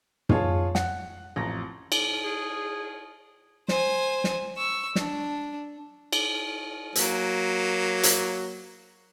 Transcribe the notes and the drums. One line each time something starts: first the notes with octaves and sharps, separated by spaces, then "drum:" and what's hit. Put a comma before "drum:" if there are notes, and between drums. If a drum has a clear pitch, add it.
F4 G#4 C#5 A5, drum: tom
F#5, drum: snare
A1 F2 A#5 A#6
drum: cymbal
G#4
C5 G#5, drum: snare
drum: snare
C#6 E6
D4, drum: snare
drum: cymbal
F#3 A#3, drum: hi-hat
drum: hi-hat